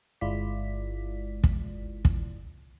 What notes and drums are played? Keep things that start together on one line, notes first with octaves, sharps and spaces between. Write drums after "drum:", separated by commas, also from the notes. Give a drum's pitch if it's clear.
G1 G#3 E4 F4 D5 B6
drum: kick
drum: kick